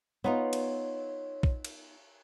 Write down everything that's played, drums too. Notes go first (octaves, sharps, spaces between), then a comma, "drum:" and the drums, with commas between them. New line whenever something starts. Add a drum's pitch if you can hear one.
B3 D#4 F4 C#5 C6
drum: cymbal
drum: kick A#1
drum: cymbal